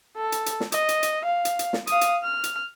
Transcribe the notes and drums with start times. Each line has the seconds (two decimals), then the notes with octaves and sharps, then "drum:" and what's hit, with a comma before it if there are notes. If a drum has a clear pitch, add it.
0.16 A4
0.32 drum: hi-hat
0.46 drum: hi-hat
0.60 drum: snare
0.72 D#5, drum: hi-hat
0.89 drum: hi-hat
1.03 drum: hi-hat
1.24 F5
1.45 drum: hi-hat
1.59 drum: hi-hat
1.73 drum: snare
1.87 F5 D#6, drum: hi-hat
2.01 drum: hi-hat
2.23 F6
2.44 drum: hi-hat